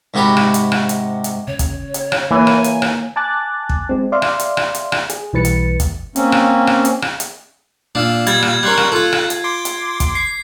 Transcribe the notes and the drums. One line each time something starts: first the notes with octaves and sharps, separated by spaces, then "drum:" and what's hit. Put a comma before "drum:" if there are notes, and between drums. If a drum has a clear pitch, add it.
G#2 C3 F#4 G4 B5
drum: rim click
drum: hi-hat
drum: rim click
drum: hi-hat
drum: hi-hat
C#3 C#5
drum: kick, hi-hat
drum: hi-hat
drum: rim click
E3 A#3 G#5
drum: rim click
drum: hi-hat
drum: rim click
G#5 A5 D6 F#6 A6
drum: kick
G#3 C4
D5 E5 F5 C6
drum: rim click
drum: hi-hat
drum: rim click
drum: hi-hat
drum: rim click
G#4, drum: hi-hat
B1 E3 G3 B4 A6 C#7
drum: hi-hat
drum: kick, hi-hat
A#3 C4 C#4, drum: hi-hat
drum: rim click
drum: rim click
drum: hi-hat
drum: rim click
drum: hi-hat
A#2 D4 F5 E6
G3 G#6 A6, drum: hi-hat
drum: rim click
G3 C#4 A#4 C6 F#6
drum: rim click
F4 A4 F5 F#6
drum: rim click
drum: hi-hat
C6 D6
drum: hi-hat
drum: kick, hi-hat
C7